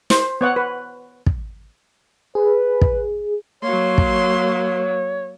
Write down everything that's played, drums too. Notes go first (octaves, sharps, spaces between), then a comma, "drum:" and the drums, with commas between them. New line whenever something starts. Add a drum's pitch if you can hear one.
C5, drum: snare
B3 C#5 F#5
B4
drum: kick
G#4 B4
drum: kick
F#3 A#3 C#5 C6
drum: kick